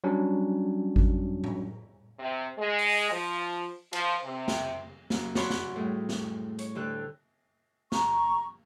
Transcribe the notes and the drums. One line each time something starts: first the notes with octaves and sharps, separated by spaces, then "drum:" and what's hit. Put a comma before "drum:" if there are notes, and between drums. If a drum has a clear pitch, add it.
F#3 G3 C#4 D4
drum: kick G#1
drum: tom A2
C3
G#3
drum: open hi-hat
F3
F3, drum: cymbal
C3
drum: snare
F#2 A#3, drum: snare
F#4 C#5 D5 F#5 B5 C6, drum: snare
drum: snare
A2 G3 G#4
drum: snare
C#5, drum: hi-hat
D2 D3 G4 A4 F#6
A#5 C#6, drum: snare